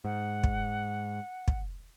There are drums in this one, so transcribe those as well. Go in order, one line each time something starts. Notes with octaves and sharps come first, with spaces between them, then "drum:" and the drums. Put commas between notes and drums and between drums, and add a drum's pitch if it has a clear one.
G#2 F#5
drum: kick
drum: kick